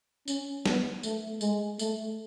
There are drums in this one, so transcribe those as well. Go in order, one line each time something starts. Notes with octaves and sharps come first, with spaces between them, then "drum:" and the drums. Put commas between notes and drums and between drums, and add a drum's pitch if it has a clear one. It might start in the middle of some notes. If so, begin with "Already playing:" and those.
C#4, drum: tambourine
B3, drum: snare
A3, drum: tambourine
G#3, drum: tambourine
A3, drum: tambourine